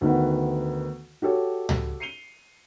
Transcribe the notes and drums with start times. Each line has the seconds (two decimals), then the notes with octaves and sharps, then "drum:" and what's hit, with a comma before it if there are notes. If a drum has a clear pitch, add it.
0.01 D2 D#3 B3 F#5
1.22 F#4 G4 A4 C#5
1.69 drum: tom C#2
2.00 C7 C#7 D#7 F7 G7